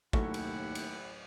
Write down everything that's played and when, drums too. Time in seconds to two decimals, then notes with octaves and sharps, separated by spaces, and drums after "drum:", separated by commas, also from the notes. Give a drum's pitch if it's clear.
0.13 D#2 A2 F#3 A3 C#4 E4 G4 F#5, drum: kick
0.34 drum: cymbal
0.75 drum: cymbal